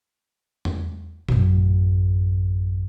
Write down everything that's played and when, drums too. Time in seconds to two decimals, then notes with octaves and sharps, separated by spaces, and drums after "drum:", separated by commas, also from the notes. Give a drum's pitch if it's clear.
0.65 drum: tom E2
1.29 A1 F#2, drum: tom A#2